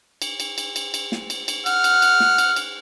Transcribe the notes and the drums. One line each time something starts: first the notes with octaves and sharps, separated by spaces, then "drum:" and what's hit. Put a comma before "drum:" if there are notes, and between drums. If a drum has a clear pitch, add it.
drum: cymbal
drum: cymbal
drum: cymbal
drum: cymbal
drum: cymbal
drum: snare
drum: cymbal
drum: cymbal
F#5 F6, drum: cymbal
drum: cymbal
drum: cymbal
drum: snare
drum: cymbal
drum: cymbal